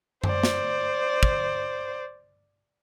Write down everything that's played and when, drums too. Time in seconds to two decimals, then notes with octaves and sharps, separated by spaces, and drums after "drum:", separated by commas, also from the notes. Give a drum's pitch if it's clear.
0.24 C5 D5, drum: tom F#2
0.43 drum: snare
1.23 drum: kick